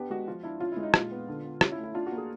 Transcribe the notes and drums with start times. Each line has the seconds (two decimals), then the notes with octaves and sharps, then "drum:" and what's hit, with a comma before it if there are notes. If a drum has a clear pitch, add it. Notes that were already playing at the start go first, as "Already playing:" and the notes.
Already playing: B3 D4 G4
0.10 G#3 F#4
0.27 F3 F4
0.43 D4 E4
0.60 C#4 F4
0.72 G#3 E4
0.83 D#4
0.94 A#2 F4, drum: rim click
1.11 B3
1.28 D3
1.44 B3
1.61 C#4 F4, drum: rim click
1.72 E4
1.78 A3
1.84 E4
1.94 D4 F4
2.06 F#4
2.12 A#3
2.18 G#4